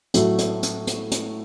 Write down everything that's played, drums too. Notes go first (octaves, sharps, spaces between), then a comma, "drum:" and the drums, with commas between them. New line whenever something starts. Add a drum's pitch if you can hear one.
A2 F#3 A3 F#4, drum: hi-hat
drum: hi-hat
drum: hi-hat
drum: hi-hat
drum: hi-hat